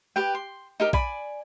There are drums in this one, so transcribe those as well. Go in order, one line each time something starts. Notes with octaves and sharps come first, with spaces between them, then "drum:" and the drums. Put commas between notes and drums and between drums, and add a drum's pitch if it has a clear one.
G4 B4 G5
C6
D#4 G4 A#4
D5 G#5 B5, drum: kick A#1